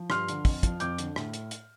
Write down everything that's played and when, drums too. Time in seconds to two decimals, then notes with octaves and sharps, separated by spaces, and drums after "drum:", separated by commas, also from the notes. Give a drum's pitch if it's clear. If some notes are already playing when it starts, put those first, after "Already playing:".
Already playing: F3
0.10 G2 C6 F6, drum: rim click
0.28 D3, drum: hi-hat
0.45 F2, drum: kick, open hi-hat
0.63 F3, drum: kick, hi-hat
0.80 F2 D6 G6, drum: hi-hat
0.98 D3, drum: hi-hat
1.16 A2, drum: rim click
1.34 drum: hi-hat
1.51 drum: hi-hat